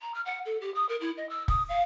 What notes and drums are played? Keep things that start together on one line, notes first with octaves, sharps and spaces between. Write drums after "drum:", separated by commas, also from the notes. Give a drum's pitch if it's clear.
A#5
F6
F#5
A4
G4
D#6
A#4
E4
D#5
E6
D#6, drum: kick
F5